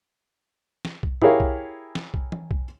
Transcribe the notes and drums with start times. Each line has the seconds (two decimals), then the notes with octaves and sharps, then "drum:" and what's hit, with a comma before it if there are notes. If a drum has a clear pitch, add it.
0.85 drum: snare
1.03 drum: kick B1
1.22 E4 G4 G#4 A#4 C#5 F5, drum: tom
1.40 drum: kick B1
1.95 drum: snare
2.14 drum: kick B1
2.32 drum: tom E3
2.51 drum: kick B1